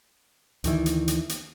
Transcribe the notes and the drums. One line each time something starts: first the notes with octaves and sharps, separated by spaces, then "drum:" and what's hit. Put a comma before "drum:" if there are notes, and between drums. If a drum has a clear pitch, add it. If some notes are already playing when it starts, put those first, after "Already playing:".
D2 D#3 E3, drum: hi-hat
drum: hi-hat
drum: hi-hat
drum: hi-hat